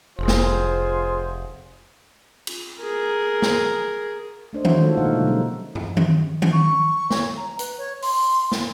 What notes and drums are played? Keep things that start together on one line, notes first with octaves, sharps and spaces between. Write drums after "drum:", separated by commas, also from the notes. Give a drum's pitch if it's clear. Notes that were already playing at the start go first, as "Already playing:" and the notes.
F1 F4 G#4 C5
drum: snare
drum: cymbal
G#4 A#4
drum: snare
A3 D4 C5 D#5
E4 F#4 C5 C#5 E5, drum: tom D#3
G#3 A3 D#4 F4 F#4 A4
B2 A#3 D#4 F5 F#5
B2 D3 F3 F#3 G#3
F#3 G3 A#3 C#4
drum: tom
drum: tom D#3
drum: tom D#3
C#6
C#5, drum: snare
A#5
B4, drum: hi-hat
C#5
C6, drum: open hi-hat
drum: snare